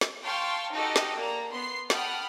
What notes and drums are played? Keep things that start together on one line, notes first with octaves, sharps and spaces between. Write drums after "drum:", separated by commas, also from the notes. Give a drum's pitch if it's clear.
drum: snare
F5 G5 A5 C6 C#6 F6
D#4 F#4 G4 A4 D#5
drum: snare
A#3 D5 A#5
B3 C6 C7
F#5 G5 A5 B5 D#6 F6, drum: snare